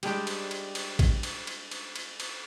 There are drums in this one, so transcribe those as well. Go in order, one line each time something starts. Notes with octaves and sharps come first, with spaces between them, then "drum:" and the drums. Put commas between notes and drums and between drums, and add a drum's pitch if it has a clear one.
G3 G#3 D4 G4, drum: cymbal
drum: cymbal
drum: cymbal
drum: cymbal
drum: kick A#1, cymbal
drum: cymbal
drum: cymbal
drum: cymbal
drum: cymbal
drum: cymbal